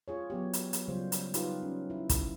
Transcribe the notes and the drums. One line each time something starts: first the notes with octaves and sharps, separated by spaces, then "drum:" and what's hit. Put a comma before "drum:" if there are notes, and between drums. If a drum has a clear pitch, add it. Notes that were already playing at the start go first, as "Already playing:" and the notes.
F4 G#4 C#5
F#3 B3 G4
drum: hi-hat
drum: hi-hat
C#3 F#3 G3 F4 C5
drum: hi-hat
G3 D#4 F4 G4 B4, drum: hi-hat
C#4
E4
drum: kick, hi-hat